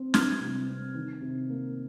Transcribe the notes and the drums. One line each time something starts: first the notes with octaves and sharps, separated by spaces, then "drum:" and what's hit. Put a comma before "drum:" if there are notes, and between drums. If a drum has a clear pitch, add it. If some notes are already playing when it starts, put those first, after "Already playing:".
Already playing: C4
G3 F6 G#6, drum: snare
C3
C4
D#3
C3
A#3